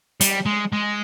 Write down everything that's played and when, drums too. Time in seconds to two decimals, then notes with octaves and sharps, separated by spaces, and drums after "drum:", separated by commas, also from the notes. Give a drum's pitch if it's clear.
0.21 G3, drum: hi-hat
0.46 G#3
0.73 G#3